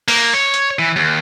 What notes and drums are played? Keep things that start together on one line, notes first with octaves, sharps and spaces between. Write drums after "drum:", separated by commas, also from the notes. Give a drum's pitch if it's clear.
A#3, drum: open hi-hat
C#5
drum: hi-hat
E3
D#2